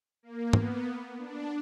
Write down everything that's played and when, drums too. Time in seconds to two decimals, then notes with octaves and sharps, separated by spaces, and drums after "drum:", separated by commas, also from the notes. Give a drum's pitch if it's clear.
0.23 A#3
0.53 B3, drum: tom
1.18 D4